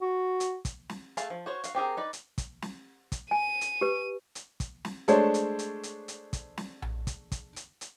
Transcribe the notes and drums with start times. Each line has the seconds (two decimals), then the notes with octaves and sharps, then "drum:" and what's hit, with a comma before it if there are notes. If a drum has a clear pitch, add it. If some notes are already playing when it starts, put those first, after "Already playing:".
0.01 F#4
0.40 drum: hi-hat
0.65 drum: kick, hi-hat
0.89 drum: snare
1.17 A3 G#4 F5 A5, drum: hi-hat
1.30 F3
1.46 F#4 C5 C#5
1.64 F#4 F5, drum: hi-hat
1.75 C4 G4 G#4 A#4
1.97 D#4 B4 D5
2.13 drum: hi-hat
2.38 drum: kick, hi-hat
2.62 drum: snare
3.12 drum: kick, hi-hat
3.31 G#5 D#7
3.61 drum: hi-hat
3.81 G4 B4
4.35 drum: hi-hat
4.60 drum: kick, hi-hat
4.85 drum: snare
5.08 G#3 A3 D4 A4 C5 C#5, drum: hi-hat
5.34 drum: hi-hat
5.59 drum: hi-hat
5.83 drum: hi-hat
6.08 drum: hi-hat
6.33 drum: kick, hi-hat
6.58 drum: snare
6.82 drum: tom A#1
7.07 drum: kick, hi-hat
7.32 drum: kick, hi-hat
7.56 drum: hi-hat
7.81 drum: hi-hat